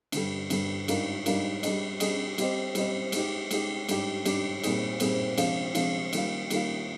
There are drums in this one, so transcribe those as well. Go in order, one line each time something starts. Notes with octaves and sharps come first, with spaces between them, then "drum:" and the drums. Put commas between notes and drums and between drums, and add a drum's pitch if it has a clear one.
G2 D3 G3, drum: cymbal
G2 D3 G3, drum: cymbal
G#2 G3 D4 F4 A#4, drum: cymbal
G#2 G3 D4 F4 A#4, drum: cymbal
G3 D4 G#4 D#5, drum: cymbal
G3 D4 G#4 D#5, drum: cymbal
G3 C4 G4 C5 D#5, drum: cymbal
G3 C4 G4 C5 D#5, drum: cymbal
G#3 D#4 G4, drum: cymbal
G#3 D#4 G4, drum: cymbal
G#2 G3 D4 G4, drum: cymbal
G#2 G3 D4 G4, drum: cymbal
A#2 G3 C4 D#4 G#4, drum: cymbal
A#2 G3 C4 D#4 G#4, drum: cymbal
C3 F3 G#3 D4 F4, drum: cymbal
C3 F3 G#3 D4 F4, drum: cymbal
D#3 G3 A#3 F4, drum: cymbal
D#3 G3 A#3 F4, drum: cymbal